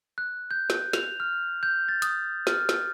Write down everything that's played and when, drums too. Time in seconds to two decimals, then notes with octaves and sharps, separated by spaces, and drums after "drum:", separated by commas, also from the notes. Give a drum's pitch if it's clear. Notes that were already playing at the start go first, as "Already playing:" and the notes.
0.18 F#6
0.51 G6
0.70 drum: snare
0.93 F7, drum: snare
1.20 F6
1.63 G6
1.89 A6
2.02 D#6, drum: hi-hat
2.47 F6, drum: snare
2.69 drum: snare